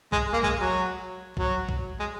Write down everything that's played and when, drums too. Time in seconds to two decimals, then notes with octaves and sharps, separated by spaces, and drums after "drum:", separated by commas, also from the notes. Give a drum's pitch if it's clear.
0.12 G#3, drum: kick B1
0.33 A#3
0.43 G#3, drum: kick B1
0.59 F#3
1.37 F#3, drum: kick B1
1.69 drum: kick B1
2.00 G#3